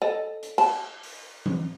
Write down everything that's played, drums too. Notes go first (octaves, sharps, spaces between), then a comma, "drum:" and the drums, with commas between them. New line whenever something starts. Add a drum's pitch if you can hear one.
A4 D#5
drum: hi-hat
A5, drum: cymbal
drum: open hi-hat
drum: tom E3